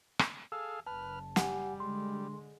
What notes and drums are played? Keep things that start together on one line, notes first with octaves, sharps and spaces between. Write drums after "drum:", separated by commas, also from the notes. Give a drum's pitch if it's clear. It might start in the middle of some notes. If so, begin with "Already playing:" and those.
drum: rim click
G#4 A4 F5 E6
F#1 B4 A5 F6
G3 G4 F#5 G#5, drum: snare
D3 G#3 C6